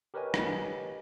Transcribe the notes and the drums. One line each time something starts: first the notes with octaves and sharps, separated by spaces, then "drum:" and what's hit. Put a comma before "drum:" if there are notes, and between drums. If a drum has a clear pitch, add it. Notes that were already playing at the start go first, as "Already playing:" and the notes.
G4 A#4 B4 C#5 D#5 G#5
drum: rim click